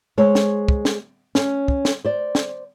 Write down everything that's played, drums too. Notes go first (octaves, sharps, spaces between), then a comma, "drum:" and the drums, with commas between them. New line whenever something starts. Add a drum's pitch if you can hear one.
G#3 C5 C#5
drum: snare
drum: kick
drum: snare
C#4, drum: snare
drum: kick
drum: snare
C5 D5
drum: snare